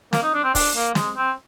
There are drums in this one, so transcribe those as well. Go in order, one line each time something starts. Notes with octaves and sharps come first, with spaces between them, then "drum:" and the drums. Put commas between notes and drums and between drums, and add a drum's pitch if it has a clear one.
A#3, drum: snare
D#4
D4
C4
D4, drum: kick, open hi-hat
A#3
G#3, drum: snare
C4